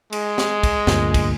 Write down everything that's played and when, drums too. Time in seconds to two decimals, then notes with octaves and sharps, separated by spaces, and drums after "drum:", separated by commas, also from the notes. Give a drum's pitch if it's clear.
0.13 G#3, drum: cymbal
0.38 drum: snare
0.63 drum: kick, cymbal
0.87 D2 G2 A#2, drum: snare
1.14 drum: kick, cymbal